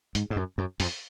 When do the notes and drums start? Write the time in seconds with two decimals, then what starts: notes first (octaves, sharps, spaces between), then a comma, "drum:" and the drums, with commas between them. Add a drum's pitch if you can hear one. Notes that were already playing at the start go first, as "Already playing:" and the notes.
0.15 G#2, drum: hi-hat
0.30 G#2
0.36 F#2
0.58 F#2
0.80 F2, drum: open hi-hat